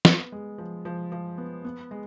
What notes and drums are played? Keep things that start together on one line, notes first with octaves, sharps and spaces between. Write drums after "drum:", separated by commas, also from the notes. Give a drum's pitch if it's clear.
B3, drum: snare
G#3
F3
F3
F3
B3
B3
G#3